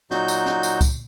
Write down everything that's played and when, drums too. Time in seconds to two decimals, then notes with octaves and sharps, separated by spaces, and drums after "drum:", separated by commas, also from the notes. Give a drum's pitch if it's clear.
0.11 A#2 F#3 D#4 F#4 G6, drum: snare
0.28 drum: tambourine
0.46 drum: snare
0.63 drum: tambourine
0.81 drum: kick, tambourine